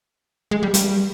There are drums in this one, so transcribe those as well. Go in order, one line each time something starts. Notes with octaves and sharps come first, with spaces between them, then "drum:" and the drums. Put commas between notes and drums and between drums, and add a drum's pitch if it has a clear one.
G#3
G3
G3, drum: hi-hat